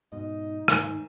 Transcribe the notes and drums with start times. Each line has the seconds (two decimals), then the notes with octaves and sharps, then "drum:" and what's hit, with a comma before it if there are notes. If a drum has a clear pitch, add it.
0.12 G#2 B2 D#4 D#5
0.68 G#2 D#3 A#4 G#5 E6, drum: rim click